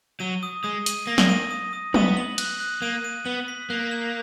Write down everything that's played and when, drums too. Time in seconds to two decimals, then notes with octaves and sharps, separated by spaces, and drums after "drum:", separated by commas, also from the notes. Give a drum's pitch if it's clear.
0.20 F#3 D#7
0.43 D#6
0.63 G#3 D#6
0.86 D#7, drum: hi-hat
1.07 A#3 A#6
1.18 drum: snare
1.29 D#7
1.51 D#6
1.73 D#6
1.94 B3 D#7, drum: tom
2.17 F#7
2.38 F#6, drum: cymbal
2.60 F#6
2.82 A#3 D#7
3.04 D#7
3.25 B3 F#7
3.48 B6
3.70 A#3 F#6
3.91 F7